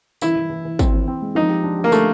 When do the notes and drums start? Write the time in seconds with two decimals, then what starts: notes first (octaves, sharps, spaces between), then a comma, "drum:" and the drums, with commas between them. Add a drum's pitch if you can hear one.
0.21 E3 E4, drum: tambourine
0.36 E3
0.50 E3
0.65 E3
0.79 C4, drum: kick, tambourine
0.93 C4
1.08 C4
1.22 G#3
1.35 F3 D#4
1.49 G4
1.64 D4
1.79 G4
1.84 A#3
1.92 A3 D4, drum: tambourine